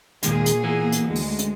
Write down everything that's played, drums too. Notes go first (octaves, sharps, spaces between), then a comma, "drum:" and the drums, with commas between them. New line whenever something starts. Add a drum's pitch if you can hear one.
D#2 A#2 D#3 G#3 G#4, drum: hi-hat
drum: hi-hat
E3 A#3 B3
drum: hi-hat
D2 G#3
drum: open hi-hat
drum: hi-hat